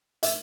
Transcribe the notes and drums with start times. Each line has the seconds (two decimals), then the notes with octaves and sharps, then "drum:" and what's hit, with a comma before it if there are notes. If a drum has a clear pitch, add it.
0.23 E5, drum: hi-hat